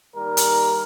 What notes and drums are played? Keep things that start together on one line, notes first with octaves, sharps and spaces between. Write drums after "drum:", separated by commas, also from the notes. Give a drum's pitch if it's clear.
D#2 G3 A#4
drum: hi-hat